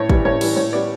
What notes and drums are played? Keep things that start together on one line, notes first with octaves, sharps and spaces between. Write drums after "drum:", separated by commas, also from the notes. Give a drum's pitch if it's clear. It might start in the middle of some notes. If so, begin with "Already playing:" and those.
Already playing: A2 C#5
E3 G3, drum: kick
A2 C#5
E3 G3, drum: cymbal
A2 C#5
G3 B3 D5